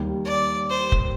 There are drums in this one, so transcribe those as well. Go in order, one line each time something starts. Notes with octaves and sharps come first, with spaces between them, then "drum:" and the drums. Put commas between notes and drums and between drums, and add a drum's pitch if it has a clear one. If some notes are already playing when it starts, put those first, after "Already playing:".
Already playing: D#2 D#3 G3
D5
C5
drum: kick